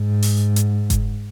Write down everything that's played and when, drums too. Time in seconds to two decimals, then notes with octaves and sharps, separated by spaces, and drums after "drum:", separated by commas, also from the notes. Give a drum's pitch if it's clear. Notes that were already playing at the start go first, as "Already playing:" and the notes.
Already playing: G#2
0.22 drum: open hi-hat
0.56 drum: hi-hat
0.90 drum: kick F#1, hi-hat